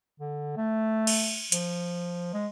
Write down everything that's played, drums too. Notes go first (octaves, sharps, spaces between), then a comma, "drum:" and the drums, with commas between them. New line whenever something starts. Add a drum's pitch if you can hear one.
D3
A3
drum: cymbal
F3, drum: hi-hat
G#3